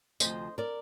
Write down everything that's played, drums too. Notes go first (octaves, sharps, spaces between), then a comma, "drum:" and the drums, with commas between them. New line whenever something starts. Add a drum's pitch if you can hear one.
D2 C3 F3 C5 D#5, drum: tambourine
A#4 D5